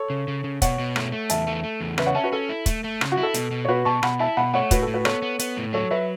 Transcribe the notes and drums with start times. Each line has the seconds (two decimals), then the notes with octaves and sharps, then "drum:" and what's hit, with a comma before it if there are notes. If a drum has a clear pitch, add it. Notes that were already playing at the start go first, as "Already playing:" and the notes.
Already playing: A4 C#5
0.10 C#3
0.28 C#3
0.44 C#3
0.62 B2 C#5 F#5, drum: kick, hi-hat
0.79 B2
0.96 A3, drum: rim click
1.12 A3
1.30 E2 E5 A5, drum: hi-hat
1.47 A3
1.63 A3
1.81 E2
1.98 C#3 B4 E5, drum: rim click
2.06 C#5 F#5
2.15 C#4 E5 A5
2.23 F#4 B4
2.32 C#4 A4
2.49 E4
2.66 A3, drum: kick, hi-hat
2.84 A3
3.01 C#3, drum: rim click
3.12 F#4
3.18 E4
3.23 A4
3.34 B2, drum: hi-hat
3.51 B2
3.65 C#5
3.68 B2 F#4 B4
3.85 B2 A5 C#6
4.03 B2 F#5 B5, drum: rim click
4.19 E4 E5 A5
4.37 B2 F#5 B5
4.54 A3 C#5 F#5
4.71 A2 F#4 B4, drum: kick, hi-hat
4.82 A4
4.88 A2
4.94 F#4 B4
5.05 B3 A4 C#5, drum: rim click
5.22 B3
5.39 B3, drum: hi-hat
5.57 A2
5.73 F#3 A4 C#5
5.91 F#3 B4 E5